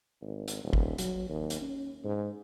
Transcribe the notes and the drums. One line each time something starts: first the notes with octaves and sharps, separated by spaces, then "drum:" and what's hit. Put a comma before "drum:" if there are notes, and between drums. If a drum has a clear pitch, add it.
G#1
drum: hi-hat
D#1
drum: kick G1
F#3, drum: hi-hat
D#2
drum: hi-hat
C#4
G#2